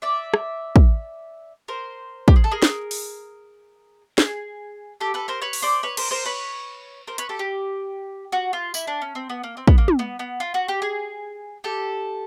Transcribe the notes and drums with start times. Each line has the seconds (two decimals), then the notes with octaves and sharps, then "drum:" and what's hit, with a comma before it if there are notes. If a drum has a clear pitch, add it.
0.02 D5 E5
0.34 drum: rim click
0.76 drum: kick
1.68 A#4 C5
2.28 G4, drum: kick
2.36 G#4
2.44 A4
2.51 G#4 A#4
2.62 drum: snare
2.91 drum: open hi-hat
4.18 G#4, drum: snare
5.00 G4 A4
5.14 A4 B4
5.28 A#4 C5
5.41 B4 C#5
5.53 drum: open hi-hat
5.62 C5 D5
5.83 B4 C#5
5.97 A#4 C5, drum: cymbal
6.11 A#4 C5
6.25 B4 C#5
7.07 A#4 C5
7.18 B4 C#5, drum: hi-hat
7.29 G4 A4
7.39 G4
8.32 F#4
8.53 F4
8.74 E4, drum: tambourine
8.87 D4
9.02 C#4
9.15 C4
9.29 B3
9.43 A#3
9.57 C4
9.68 B3, drum: kick
9.78 A#3
9.88 drum: tom
9.99 B3
10.19 B3
10.40 F4
10.54 F#4
10.68 G4
10.82 G#4
11.64 G4 A4